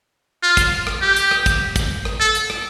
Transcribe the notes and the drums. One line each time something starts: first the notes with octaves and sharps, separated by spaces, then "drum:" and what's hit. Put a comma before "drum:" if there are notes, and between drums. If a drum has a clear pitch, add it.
F4
drum: kick, hi-hat
drum: rim click
G4
drum: hi-hat
drum: rim click
drum: kick, hi-hat
drum: kick, hi-hat
drum: rim click
A4
drum: hi-hat
drum: rim click